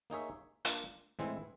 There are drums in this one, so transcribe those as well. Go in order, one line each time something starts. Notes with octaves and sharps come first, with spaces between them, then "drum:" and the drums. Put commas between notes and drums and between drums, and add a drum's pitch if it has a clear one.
A#3 D#4 G#4 C#5 E5
A#3 D4 F4, drum: hi-hat
A2 E3 G#3 C4 E4